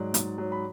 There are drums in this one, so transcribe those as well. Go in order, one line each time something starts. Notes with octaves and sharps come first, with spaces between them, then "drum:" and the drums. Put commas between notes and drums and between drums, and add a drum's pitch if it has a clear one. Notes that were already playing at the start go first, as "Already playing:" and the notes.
Already playing: G#2 F#3 D5
G#2, drum: hi-hat
F#3
B5